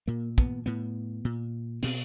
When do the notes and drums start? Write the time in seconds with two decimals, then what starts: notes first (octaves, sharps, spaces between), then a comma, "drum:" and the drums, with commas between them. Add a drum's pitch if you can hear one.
0.07 A#2 A#3
0.38 B3, drum: kick
0.66 A2 B3
1.25 A#2
1.83 B2 C4, drum: open hi-hat